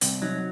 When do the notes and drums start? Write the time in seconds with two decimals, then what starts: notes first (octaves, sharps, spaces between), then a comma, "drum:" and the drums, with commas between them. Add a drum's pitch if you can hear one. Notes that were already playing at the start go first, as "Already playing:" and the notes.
0.01 C2 C4, drum: hi-hat
0.22 F#3 D#4